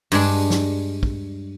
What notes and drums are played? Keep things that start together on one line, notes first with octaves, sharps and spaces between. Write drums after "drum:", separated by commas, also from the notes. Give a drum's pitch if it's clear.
G2 G#3 D4, drum: open hi-hat
drum: snare
drum: kick